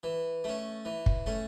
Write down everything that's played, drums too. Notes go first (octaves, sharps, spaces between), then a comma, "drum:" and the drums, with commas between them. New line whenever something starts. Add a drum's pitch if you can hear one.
E3
A3 C#4
E3
drum: kick
A3 C#4